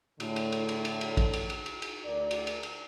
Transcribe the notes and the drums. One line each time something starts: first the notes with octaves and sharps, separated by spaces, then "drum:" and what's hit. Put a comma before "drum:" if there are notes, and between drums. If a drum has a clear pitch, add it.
A2 D3, drum: cymbal
drum: cymbal
drum: cymbal
drum: cymbal
drum: cymbal
drum: cymbal
drum: kick, cymbal
drum: cymbal
drum: cymbal
drum: cymbal
drum: cymbal
D2 A#4 D5
drum: cymbal
drum: cymbal
drum: cymbal